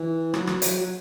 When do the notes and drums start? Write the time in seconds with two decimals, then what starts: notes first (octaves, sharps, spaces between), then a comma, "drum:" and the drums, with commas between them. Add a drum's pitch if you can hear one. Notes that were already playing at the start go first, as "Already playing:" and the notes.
Already playing: E3
0.34 F#3, drum: rim click
0.47 drum: rim click
0.62 F#3, drum: hi-hat
0.81 F#3